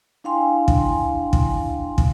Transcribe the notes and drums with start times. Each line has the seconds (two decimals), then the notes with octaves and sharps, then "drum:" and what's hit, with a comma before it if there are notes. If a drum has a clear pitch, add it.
0.24 D4 E4 F5 G5 G#5 C6
0.68 drum: kick
1.33 drum: kick
1.98 drum: kick